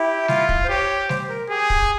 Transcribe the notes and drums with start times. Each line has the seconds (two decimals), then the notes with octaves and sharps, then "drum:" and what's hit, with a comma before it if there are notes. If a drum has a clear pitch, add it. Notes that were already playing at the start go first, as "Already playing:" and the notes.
Already playing: E4 G4
0.28 F4, drum: snare G3
0.49 drum: kick
0.64 C5
0.69 G4 C#5
1.09 C5, drum: snare G3
1.29 A#4
1.50 G4 G#4
1.70 drum: kick